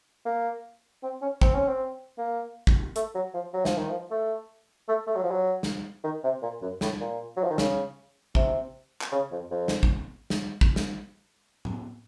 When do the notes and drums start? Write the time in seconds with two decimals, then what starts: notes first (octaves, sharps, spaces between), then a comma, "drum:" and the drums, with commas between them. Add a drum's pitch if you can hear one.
0.26 A#3
1.03 C4
1.22 C#4
1.41 C4, drum: kick
1.55 C#4
1.68 C4
2.18 A#3
2.67 drum: kick
2.96 A3, drum: hi-hat
3.15 F#3
3.34 F3
3.53 F#3
3.65 F3, drum: snare
3.77 D#3
3.90 F3
4.11 A3
4.88 A3
5.07 A3
5.15 F#3
5.24 F3
5.31 F#3
5.63 drum: snare
6.04 D#3
6.24 C3
6.42 A#2
6.62 F#2
6.81 A2, drum: snare
7.01 A#2
7.37 F#3
7.44 F3
7.50 D#3
7.58 C#3, drum: snare
8.35 C3, drum: kick
9.01 drum: clap
9.12 C#3
9.31 F2
9.51 F2
9.68 drum: snare
9.83 drum: kick
10.30 drum: snare
10.61 drum: kick
10.76 drum: snare
11.65 drum: tom A2